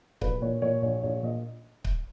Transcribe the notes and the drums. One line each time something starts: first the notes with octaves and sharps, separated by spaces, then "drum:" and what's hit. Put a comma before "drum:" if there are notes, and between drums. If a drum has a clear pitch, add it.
A#1 B4, drum: kick C#1
A#2 C#5
A#2 C#5
A#1 C#5
A#1 C#5
A#2 D#5
drum: kick C#1